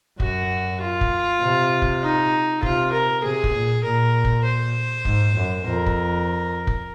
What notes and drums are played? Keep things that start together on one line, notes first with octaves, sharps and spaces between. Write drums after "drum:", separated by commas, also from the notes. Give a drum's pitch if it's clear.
F#2 F#4, drum: kick
F4
drum: kick
C3
drum: kick
D#4
C3 F4, drum: kick
A#4
C3 G#4
drum: kick
A#2
A#2 A#4
drum: kick
C5
G#2, drum: kick
F#2
F2 A#4
drum: kick
drum: kick